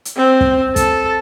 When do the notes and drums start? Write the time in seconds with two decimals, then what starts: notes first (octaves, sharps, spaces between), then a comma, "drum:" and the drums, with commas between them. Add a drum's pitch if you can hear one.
0.05 drum: hi-hat
0.17 C4
0.41 drum: kick
0.76 A4, drum: kick, hi-hat